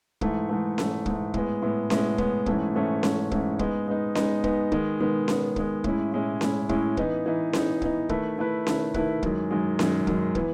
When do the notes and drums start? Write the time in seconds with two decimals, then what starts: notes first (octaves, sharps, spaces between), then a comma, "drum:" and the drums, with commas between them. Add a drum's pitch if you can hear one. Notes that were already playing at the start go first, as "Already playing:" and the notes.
0.21 G#2 E3 A3, drum: kick
0.49 G#2 E3 A3
0.78 G#2 E3 A3, drum: snare C#4
1.06 G#2 E3 A3, drum: kick
1.34 A2 G#3 B3, drum: kick
1.62 A2 G#3 B3
1.90 A2 G#3 B3, drum: snare C#4
2.18 A2 G#3 B3, drum: kick
2.46 G#2 E3 A3 C#4, drum: kick
2.75 G#2 E3 A3 C#4
3.03 G#2 E3 A3 C#4, drum: snare C#4
3.31 G#2 E3 A3 C#4, drum: kick
3.59 G#3 B3 D#4, drum: kick
3.88 G#3 B3 D#4
4.15 G#3 B3 D#4, drum: snare C#4
4.44 G#3 B3 D#4, drum: kick
4.72 D#3 G#3 B3, drum: kick
5.00 D#3 G#3 B3
5.28 D#3 G#3 B3, drum: snare C#4
5.56 D#3 G#3 B3, drum: kick
5.84 A2 G#3 C#4 E4, drum: kick
6.12 A2 G#3 C#4 E4
6.41 A2 G#3 C#4 E4, drum: snare C#4
6.69 A2 G#3 C#4 E4, drum: kick
6.97 E3 B3 D#4, drum: kick
7.26 E3 B3 D#4
7.53 E3 B3 D#4, drum: snare C#4
7.82 E3 B3 D#4, drum: kick
8.09 D#3 A3 E4 B4, drum: kick
8.38 D#3 A3 E4 B4
8.67 D#3 A3 E4 B4, drum: snare C#4
8.94 D#3 A3 E4 B4, drum: kick
9.23 F#2 D#3 G#3, drum: kick
9.51 F#2 D#3 G#3
9.79 F#2 D#3 G#3, drum: snare C#4
10.07 F#2 D#3 G#3, drum: kick
10.35 E3 B3, drum: kick